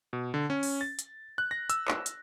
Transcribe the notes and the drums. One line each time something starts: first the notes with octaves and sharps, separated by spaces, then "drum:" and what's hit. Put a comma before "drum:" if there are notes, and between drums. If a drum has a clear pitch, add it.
B2
D3
C#4
drum: open hi-hat
A6
drum: hi-hat
F#6
A#6
E6, drum: hi-hat
drum: clap
drum: hi-hat